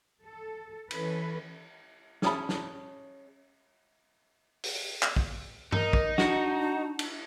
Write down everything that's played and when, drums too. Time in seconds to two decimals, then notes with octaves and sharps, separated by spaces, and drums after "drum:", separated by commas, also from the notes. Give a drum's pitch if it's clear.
0.23 A4
0.91 E3 C#4 A4 B4, drum: cymbal
2.22 C#4 G#4 A5 B5, drum: snare
2.49 drum: snare
4.63 drum: open hi-hat
5.02 drum: clap
5.16 drum: kick
5.72 D#4 A#4, drum: tom G2
5.93 drum: kick
6.18 D4 F#4, drum: snare
6.99 drum: cymbal